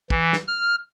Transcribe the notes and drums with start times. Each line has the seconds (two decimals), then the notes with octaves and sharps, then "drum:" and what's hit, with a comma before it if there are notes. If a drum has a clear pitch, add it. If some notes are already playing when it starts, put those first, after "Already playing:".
0.10 E3, drum: kick
0.33 drum: snare
0.48 F6